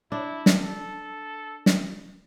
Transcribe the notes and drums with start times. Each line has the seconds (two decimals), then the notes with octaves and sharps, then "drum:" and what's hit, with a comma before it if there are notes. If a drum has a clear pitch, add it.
0.12 D4 E4
0.46 drum: snare
0.64 A4
1.66 drum: snare